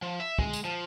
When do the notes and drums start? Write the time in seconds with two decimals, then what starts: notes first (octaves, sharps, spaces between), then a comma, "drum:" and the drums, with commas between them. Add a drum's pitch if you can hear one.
0.02 F3
0.20 E5
0.39 G#3, drum: kick
0.53 drum: tambourine
0.65 F3